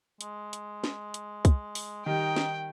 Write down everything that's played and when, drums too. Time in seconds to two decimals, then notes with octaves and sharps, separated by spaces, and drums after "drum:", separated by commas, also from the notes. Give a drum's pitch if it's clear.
0.21 G#3, drum: hi-hat
0.53 drum: hi-hat
0.84 drum: snare
1.14 drum: hi-hat
1.45 drum: kick, hi-hat
1.75 drum: open hi-hat
2.06 D#3 G3 D#4 G5
2.36 drum: snare